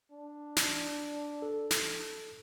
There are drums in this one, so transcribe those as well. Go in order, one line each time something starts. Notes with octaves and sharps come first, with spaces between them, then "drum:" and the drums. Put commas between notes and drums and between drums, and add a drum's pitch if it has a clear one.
D4
drum: snare
A4
drum: snare